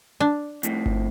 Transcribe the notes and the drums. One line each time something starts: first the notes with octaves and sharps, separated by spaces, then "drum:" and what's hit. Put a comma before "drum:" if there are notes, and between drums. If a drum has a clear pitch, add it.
D4
F2 A2, drum: hi-hat
drum: kick G1